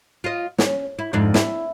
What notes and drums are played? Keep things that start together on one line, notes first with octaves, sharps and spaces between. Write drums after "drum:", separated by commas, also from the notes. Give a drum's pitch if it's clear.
F4 D#5
C#4, drum: snare
E4
F2 G#2 D4
E4, drum: snare